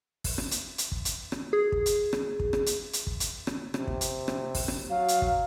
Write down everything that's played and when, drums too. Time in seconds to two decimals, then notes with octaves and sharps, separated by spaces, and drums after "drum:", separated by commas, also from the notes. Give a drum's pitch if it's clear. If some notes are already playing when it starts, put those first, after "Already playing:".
0.24 drum: kick, open hi-hat
0.38 drum: rim click
0.51 drum: hi-hat
0.78 drum: hi-hat
0.92 drum: kick
1.05 drum: hi-hat
1.32 drum: rim click
1.53 G#4
1.72 drum: kick
1.86 drum: hi-hat
2.13 drum: rim click
2.40 drum: kick
2.53 drum: rim click
2.66 drum: hi-hat
2.93 drum: hi-hat
3.07 drum: kick
3.20 drum: hi-hat
3.47 drum: rim click
3.74 C3, drum: rim click
3.87 drum: kick
4.01 drum: hi-hat
4.28 drum: rim click
4.55 drum: kick, open hi-hat
4.68 drum: rim click
4.90 F#3 F5
5.08 drum: hi-hat
5.22 drum: kick